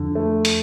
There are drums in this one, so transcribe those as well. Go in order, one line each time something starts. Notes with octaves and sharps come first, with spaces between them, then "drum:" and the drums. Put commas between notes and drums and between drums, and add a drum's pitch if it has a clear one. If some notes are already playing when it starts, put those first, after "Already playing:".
Already playing: F2 D3
A3
drum: hi-hat